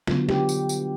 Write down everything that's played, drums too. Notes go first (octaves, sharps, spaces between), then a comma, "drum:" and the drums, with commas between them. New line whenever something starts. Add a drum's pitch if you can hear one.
D3 F#3 B3 F4, drum: snare
G4, drum: snare
drum: tambourine
drum: tambourine